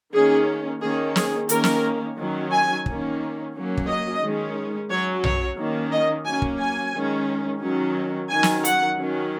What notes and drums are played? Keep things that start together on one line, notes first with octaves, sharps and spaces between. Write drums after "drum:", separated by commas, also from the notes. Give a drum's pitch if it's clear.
D#3 A#3 C#4 G#4
D#3 A#3 C#4 G#4
G#4, drum: snare
D#3 A#3 C#4 A#4, drum: hi-hat
drum: snare
D#3 F#3 C#4
G#5
D#3 A#3 C#4, drum: kick
F#3 A#3 C#4
drum: kick
D#5
D#3 G#3 C#4
F#3 C#4 C#5
C#5, drum: tom B1
D#3 A#3 C#4
D#5
F#3 A#3 C#4 G#5
drum: kick
G#5
D#3 G#3 C#4
D#3 F#3 C#4
D#3 F#3 C#4 G#5
drum: snare
F#5, drum: hi-hat
D#3 F#3 C#4